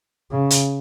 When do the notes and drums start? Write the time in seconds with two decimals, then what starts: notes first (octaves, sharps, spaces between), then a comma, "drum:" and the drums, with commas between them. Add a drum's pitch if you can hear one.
0.31 C#3
0.50 drum: hi-hat